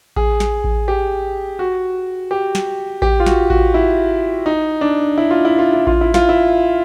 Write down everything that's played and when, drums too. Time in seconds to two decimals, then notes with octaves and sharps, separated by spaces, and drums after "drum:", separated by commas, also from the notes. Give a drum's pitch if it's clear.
0.16 G#4, drum: kick A1
0.40 drum: snare
0.64 drum: kick A1
0.88 G4
1.59 F#4
2.31 G4
2.55 drum: snare
3.02 G4, drum: kick A1
3.20 F4
3.26 F#4, drum: snare
3.50 F#4, drum: kick A1
3.74 E4
4.46 D#4
4.81 D4
5.18 E4
5.31 F4
5.45 E4
5.59 F4
5.73 E4
5.87 F4, drum: kick A1
6.01 E4
6.14 F4, drum: snare
6.29 E4